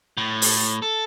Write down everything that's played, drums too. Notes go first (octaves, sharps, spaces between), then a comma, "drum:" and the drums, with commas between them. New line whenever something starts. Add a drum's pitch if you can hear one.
A2
drum: open hi-hat
A4